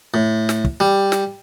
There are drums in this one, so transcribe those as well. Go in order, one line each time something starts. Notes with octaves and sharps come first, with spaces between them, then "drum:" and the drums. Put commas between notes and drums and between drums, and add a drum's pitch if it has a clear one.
A2
drum: snare
drum: kick
G3
drum: snare